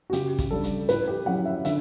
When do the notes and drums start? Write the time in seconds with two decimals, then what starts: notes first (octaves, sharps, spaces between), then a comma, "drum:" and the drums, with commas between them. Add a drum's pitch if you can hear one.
0.10 F#4
0.13 C#3 G4, drum: hi-hat
0.38 drum: kick, hi-hat
0.51 G3 D4 A4
0.64 drum: hi-hat
0.89 A2 B4, drum: hi-hat
1.08 G4
1.26 F#3 C#4 F#5
1.45 E5
1.65 D3 E5, drum: hi-hat